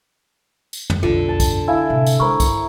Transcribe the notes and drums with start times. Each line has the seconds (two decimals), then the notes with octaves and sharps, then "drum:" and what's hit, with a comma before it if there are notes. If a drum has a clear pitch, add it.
0.73 drum: tambourine
0.90 drum: tom
1.03 B1 F2 D3 F4
1.29 A5
1.40 drum: kick B1, tambourine
1.68 E4 E5 F5 G#5
1.90 A2 C3
2.07 drum: tambourine
2.20 G#3 A#4 C5 B5 C#6
2.40 drum: kick B1, tambourine